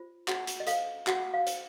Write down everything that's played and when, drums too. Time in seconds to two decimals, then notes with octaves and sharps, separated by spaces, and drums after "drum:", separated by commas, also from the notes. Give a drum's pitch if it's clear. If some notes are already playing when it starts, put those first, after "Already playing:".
Already playing: F4 C5
0.28 F#4 F#5, drum: clap
0.47 drum: hi-hat
0.60 D#5
0.67 A4 C5 F5, drum: hi-hat
1.07 F#4 F#5, drum: clap
1.34 F5
1.47 C5, drum: hi-hat